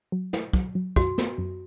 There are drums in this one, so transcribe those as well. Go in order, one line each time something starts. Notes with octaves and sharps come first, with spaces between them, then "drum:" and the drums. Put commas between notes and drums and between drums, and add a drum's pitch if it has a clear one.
F#3
E4, drum: snare
F#3, drum: kick
F#3
F#2 F#4, drum: kick
B3, drum: snare
F#2